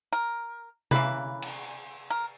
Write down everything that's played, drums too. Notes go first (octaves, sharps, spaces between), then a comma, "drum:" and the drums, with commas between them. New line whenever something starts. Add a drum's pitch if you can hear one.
A#4
C#3 E3 A#3 D#4 B4, drum: tom C3
drum: cymbal
A#4